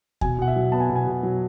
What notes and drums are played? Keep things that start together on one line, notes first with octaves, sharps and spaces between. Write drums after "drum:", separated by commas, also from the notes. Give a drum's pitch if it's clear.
B2 G#5, drum: kick D#2
B2 F#5
E5
F#3
B3 A5
G#5
B2 F#5
G#5
B2
F#3